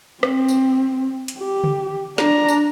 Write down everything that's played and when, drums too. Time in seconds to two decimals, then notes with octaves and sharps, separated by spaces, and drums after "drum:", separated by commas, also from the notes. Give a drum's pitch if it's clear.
0.23 C4, drum: rim click
0.49 drum: tambourine
1.28 drum: hi-hat
1.38 G4
1.64 drum: tom C#3
2.18 D4 A#5, drum: snare
2.48 drum: tambourine